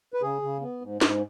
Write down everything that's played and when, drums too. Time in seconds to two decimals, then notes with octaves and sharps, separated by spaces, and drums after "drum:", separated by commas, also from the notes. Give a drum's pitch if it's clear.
0.14 B4
0.22 C#3 G#4
0.42 C#3
0.61 B3
0.82 G#2
1.01 G#2, drum: snare